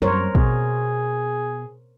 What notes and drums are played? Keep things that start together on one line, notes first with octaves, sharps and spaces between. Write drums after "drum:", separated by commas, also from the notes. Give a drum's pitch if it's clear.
F#2 G3 A#4 C5 C#5
B2 G#4, drum: kick